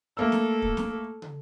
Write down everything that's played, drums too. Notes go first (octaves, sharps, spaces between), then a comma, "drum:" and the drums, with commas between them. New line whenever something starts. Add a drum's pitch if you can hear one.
A3 A#3 A4 E6
drum: snare
drum: kick
drum: snare
drum: tom